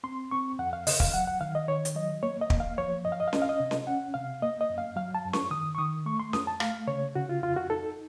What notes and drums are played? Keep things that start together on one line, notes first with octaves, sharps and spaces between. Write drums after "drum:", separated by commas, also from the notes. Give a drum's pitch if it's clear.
C4 C6
C4 C#6
F2 F#5
F5
C#3 D#5, drum: open hi-hat
F5, drum: kick
F#3 F#5
F#5
D#3 F5
D#5
D#3 C#5
drum: hi-hat
F#3 D#5
A#3 C#5
D#5
A#3, drum: kick
F5
F3 C#5
F#2 D#5
F5
D#5
F5
C#4 D#5, drum: snare C#4
F5
D#5
C3
drum: snare C#4
C#4 F#5
C3 F5
A#3 D#5
D#5
F#2
F5
F#3 F5
A5
F#2
C#6, drum: snare C#4
D#3 D#6
C#6
D#3 D#6
A3 C#6
C6
F2 D#6, drum: snare C#4
A5
A3 F5, drum: rim click
C#3 C#5
C#3 F#4
F4
F2 F4
F#4
D#4 A4